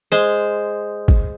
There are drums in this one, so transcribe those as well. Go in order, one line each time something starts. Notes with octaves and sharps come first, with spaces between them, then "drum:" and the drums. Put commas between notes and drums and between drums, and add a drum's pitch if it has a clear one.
G#3 C5
drum: kick